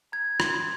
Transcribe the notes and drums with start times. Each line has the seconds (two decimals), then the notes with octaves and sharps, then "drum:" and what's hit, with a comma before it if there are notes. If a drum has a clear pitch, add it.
0.12 A#5 G#6
0.40 C6, drum: rim click